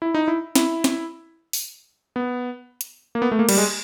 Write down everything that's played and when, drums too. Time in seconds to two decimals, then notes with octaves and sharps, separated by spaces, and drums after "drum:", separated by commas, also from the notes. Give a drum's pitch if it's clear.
0.02 E4
0.15 D#4
0.28 E4
0.55 E4, drum: snare
0.84 drum: snare
1.53 drum: open hi-hat
2.16 B3
2.81 drum: hi-hat
3.15 A#3
3.22 B3
3.32 A3
3.39 A#3
3.49 G3, drum: cymbal
3.58 G#3